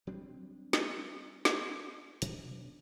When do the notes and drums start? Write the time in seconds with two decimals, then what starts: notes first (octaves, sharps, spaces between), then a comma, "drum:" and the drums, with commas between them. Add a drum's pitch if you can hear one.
0.07 F#3 G3 C4 D4
0.73 drum: snare
1.45 drum: snare
2.22 B2 F#3 D4, drum: hi-hat